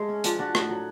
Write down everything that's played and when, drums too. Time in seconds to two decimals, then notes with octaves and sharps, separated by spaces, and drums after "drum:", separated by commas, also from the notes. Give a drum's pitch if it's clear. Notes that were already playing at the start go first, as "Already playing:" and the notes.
Already playing: G#3 A3
0.09 C#4
0.24 F3 D4, drum: hi-hat
0.38 F3 D4 F#4
0.55 A2, drum: rim click
0.69 F#3